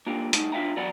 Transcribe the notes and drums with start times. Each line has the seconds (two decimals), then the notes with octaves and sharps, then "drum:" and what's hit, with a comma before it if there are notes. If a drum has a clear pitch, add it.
0.07 A#3 D4 F4 G4
0.33 A2 A3 D#4, drum: hi-hat
0.52 D4 F4 E5 F5 G5 A#5
0.77 E2 F#3 D5 F#5 A#5 B5